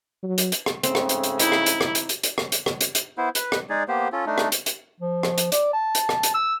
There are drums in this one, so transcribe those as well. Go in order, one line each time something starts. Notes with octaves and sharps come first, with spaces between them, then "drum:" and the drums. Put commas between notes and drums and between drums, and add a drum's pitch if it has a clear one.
F#3
drum: hi-hat
drum: hi-hat
drum: rim click
G#2 C#3 A3 C4, drum: hi-hat
drum: rim click
drum: hi-hat
drum: hi-hat
D#4 E4, drum: hi-hat
drum: rim click
drum: hi-hat
drum: rim click
drum: hi-hat
drum: hi-hat
drum: hi-hat
drum: rim click
drum: hi-hat
drum: rim click
drum: hi-hat
drum: hi-hat
B3 E4 C5
B4, drum: hi-hat
drum: rim click
G#3 D#4 G#4 D5
A#3 B3 G4 C5
C#4 F4 A4
A3 D4 D#4
drum: rim click
drum: hi-hat
drum: hi-hat
F3
drum: rim click
drum: hi-hat
D5, drum: hi-hat
A5
drum: hi-hat
drum: rim click
drum: hi-hat
E6